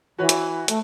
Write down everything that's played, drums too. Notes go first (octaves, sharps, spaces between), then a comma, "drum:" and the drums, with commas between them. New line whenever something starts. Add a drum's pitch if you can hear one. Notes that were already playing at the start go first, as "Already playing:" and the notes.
E3 F#4 B4 C#5
drum: hi-hat
A3, drum: hi-hat